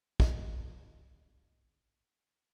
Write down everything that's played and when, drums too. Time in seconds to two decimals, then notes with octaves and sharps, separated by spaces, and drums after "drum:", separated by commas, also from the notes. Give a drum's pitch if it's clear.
0.20 B3 D4 D#5, drum: kick